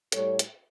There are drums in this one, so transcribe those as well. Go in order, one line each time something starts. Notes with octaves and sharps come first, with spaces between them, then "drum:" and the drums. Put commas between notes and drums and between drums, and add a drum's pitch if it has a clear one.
A2 G3 A4 C#5, drum: hi-hat
drum: hi-hat